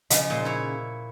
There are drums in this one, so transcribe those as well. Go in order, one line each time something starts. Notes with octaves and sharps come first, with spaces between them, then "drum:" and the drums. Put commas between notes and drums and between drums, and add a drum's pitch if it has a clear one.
C#3 F3 D#4, drum: hi-hat
A#2 C5
E4 C#5